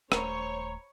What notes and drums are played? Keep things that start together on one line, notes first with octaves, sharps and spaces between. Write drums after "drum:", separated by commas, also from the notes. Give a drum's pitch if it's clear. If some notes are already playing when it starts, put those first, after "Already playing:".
D#1 A3 C5 C#5 A#5 B5 C#6, drum: rim click